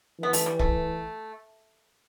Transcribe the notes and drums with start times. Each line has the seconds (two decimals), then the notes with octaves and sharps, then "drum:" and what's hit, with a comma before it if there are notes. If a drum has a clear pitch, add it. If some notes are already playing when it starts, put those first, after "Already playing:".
0.20 E3 B3
0.33 A3, drum: open hi-hat
0.46 G3
0.59 A3, drum: kick